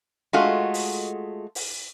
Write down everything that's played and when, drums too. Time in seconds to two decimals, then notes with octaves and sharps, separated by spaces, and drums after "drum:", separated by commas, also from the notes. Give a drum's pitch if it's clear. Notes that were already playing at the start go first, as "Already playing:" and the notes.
0.33 G#3 A3 F4 F#4 D#5
0.74 drum: open hi-hat
1.55 drum: open hi-hat